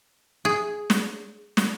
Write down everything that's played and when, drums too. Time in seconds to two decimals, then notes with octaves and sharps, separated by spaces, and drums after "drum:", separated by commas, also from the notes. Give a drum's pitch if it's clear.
0.45 G#4
0.90 drum: snare
1.57 drum: snare